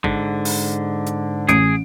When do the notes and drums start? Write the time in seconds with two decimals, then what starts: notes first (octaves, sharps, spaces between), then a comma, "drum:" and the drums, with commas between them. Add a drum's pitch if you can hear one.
0.04 G#2 D3, drum: kick G#1
0.45 drum: open hi-hat
1.06 drum: hi-hat
1.49 A1 G#4 D7, drum: hi-hat